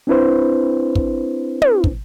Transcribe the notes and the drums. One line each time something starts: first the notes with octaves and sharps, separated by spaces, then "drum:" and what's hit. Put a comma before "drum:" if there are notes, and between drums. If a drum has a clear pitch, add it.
C4 D4 E4 B4 C5
drum: kick
drum: tom
drum: kick